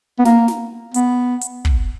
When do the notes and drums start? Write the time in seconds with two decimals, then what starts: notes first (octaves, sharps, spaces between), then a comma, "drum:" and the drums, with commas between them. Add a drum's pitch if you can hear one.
0.19 B3
0.25 A#3, drum: snare
0.48 drum: snare
0.94 B3, drum: hi-hat
1.41 drum: hi-hat
1.65 drum: kick